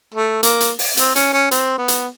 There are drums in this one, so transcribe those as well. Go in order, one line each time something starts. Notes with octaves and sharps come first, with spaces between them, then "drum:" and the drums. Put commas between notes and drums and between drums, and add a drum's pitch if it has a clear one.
A3
A#3, drum: hi-hat
drum: hi-hat
drum: open hi-hat
C4, drum: hi-hat
C#4, drum: hi-hat
C#4
C4, drum: hi-hat
B3
drum: hi-hat